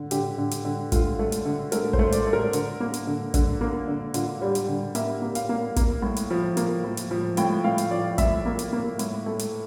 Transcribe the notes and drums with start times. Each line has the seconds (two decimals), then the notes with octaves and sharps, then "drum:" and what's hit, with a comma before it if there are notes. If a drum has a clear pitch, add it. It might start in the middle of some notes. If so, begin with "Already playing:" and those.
Already playing: D3
0.11 D3 G4, drum: hi-hat
0.38 D3
0.51 drum: hi-hat
0.65 D3
0.92 A3 F4, drum: kick, hi-hat
1.19 A3
1.32 drum: hi-hat
1.45 D3
1.72 A3 A#4, drum: hi-hat
1.93 C5, drum: kick
1.99 A3
2.12 D5, drum: hi-hat
2.27 A3
2.33 A#4
2.53 D3, drum: hi-hat
2.80 A#3
2.94 drum: hi-hat
3.07 D3
3.34 D3, drum: kick, hi-hat
3.61 A#3
3.88 D3
4.14 D3 F4, drum: hi-hat
4.42 G3
4.55 drum: hi-hat
4.68 D3
4.95 A#3 E5, drum: hi-hat
5.22 A#3
5.35 F5, drum: hi-hat
5.49 A#3
5.76 A#3, drum: kick, hi-hat
6.02 A2
6.16 drum: hi-hat
6.31 F3
6.57 A#3, drum: hi-hat
6.84 F3
6.97 drum: hi-hat
7.11 F3
7.37 A2 G5, drum: hi-hat
7.64 A2 F5
7.78 drum: hi-hat
7.91 F3 D5
8.18 A2 E5, drum: kick, hi-hat
8.46 A#3
8.59 drum: hi-hat
8.73 A#3
8.99 A2, drum: hi-hat
9.26 A3
9.39 drum: hi-hat